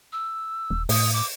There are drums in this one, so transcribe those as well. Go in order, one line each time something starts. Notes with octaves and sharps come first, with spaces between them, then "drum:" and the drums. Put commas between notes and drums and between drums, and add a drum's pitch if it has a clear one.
E6
D#1
A2 D#6, drum: open hi-hat
D6